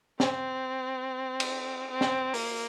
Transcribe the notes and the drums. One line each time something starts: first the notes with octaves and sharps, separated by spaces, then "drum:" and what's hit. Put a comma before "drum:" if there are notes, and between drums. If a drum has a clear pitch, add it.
C4, drum: snare
drum: cymbal
C4
drum: snare
A#3, drum: open hi-hat